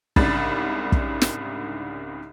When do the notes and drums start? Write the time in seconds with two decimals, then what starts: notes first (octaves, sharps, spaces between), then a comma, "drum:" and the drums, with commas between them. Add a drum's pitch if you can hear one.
0.16 C2 G#2 C#3 D4 B5 A6, drum: kick
0.92 drum: kick
1.22 drum: snare